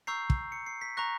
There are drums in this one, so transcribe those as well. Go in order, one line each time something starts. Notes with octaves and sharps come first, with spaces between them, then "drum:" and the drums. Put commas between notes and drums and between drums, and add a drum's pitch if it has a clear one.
A#5 C#6 E6 G6 C7
drum: kick
C#7
C7
B6
A#5 C#6 F#6 A#6